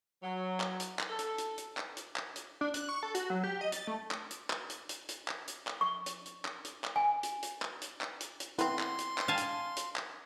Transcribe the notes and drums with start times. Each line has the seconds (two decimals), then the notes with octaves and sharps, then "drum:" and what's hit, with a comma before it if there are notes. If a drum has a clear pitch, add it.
0.23 F#3
0.60 drum: clap
0.80 drum: hi-hat
0.99 drum: clap
1.09 A4
1.19 drum: hi-hat
1.38 drum: hi-hat
1.58 drum: hi-hat
1.77 drum: clap
1.97 drum: hi-hat
2.16 drum: clap
2.36 drum: hi-hat
2.61 D4
2.74 F#6, drum: hi-hat
2.89 C#6
3.03 A4
3.15 F#4, drum: hi-hat
3.30 F#3
3.44 G4
3.61 D#5
3.72 A6, drum: hi-hat
3.87 A3
4.11 drum: clap
4.31 drum: hi-hat
4.50 drum: clap
4.70 drum: hi-hat
4.89 drum: hi-hat
5.09 drum: hi-hat
5.28 drum: clap
5.48 drum: hi-hat
5.67 drum: clap
5.81 C#6
6.06 drum: hi-hat
6.26 drum: hi-hat
6.45 drum: clap
6.65 drum: hi-hat
6.84 drum: clap
6.96 G#5
7.23 drum: hi-hat
7.43 drum: hi-hat
7.62 drum: clap
7.82 drum: hi-hat
8.01 drum: clap
8.21 drum: hi-hat
8.40 drum: hi-hat
8.58 B3 C4 E4 C6, drum: hi-hat
8.79 drum: clap
8.98 drum: hi-hat
9.18 drum: clap
9.28 F5 G#5 A5
9.37 drum: hi-hat
9.76 drum: hi-hat
9.96 drum: clap